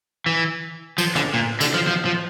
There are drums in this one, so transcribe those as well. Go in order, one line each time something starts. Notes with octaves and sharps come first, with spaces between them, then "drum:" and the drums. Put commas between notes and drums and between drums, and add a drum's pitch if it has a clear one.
E3
F3, drum: cymbal
D3, drum: snare
A#2
D3, drum: cymbal
F3
F3
F3